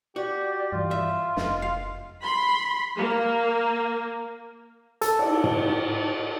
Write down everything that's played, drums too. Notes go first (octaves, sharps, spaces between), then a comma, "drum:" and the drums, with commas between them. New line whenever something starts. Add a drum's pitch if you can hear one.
F#4 G4 D5
G2 E3 F4
E5
F1 D#5, drum: snare
F5
B5 C6
A#3
A4, drum: hi-hat
drum: cymbal
drum: tom